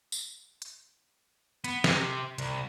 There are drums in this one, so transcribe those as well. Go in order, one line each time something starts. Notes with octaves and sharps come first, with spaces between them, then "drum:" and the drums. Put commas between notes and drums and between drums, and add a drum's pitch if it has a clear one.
drum: tambourine
drum: hi-hat
B3, drum: hi-hat
C3, drum: snare
C2, drum: hi-hat